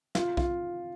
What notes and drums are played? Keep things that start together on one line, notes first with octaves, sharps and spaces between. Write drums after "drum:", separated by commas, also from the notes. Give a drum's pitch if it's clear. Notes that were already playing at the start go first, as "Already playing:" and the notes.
F4, drum: snare
F4, drum: kick B1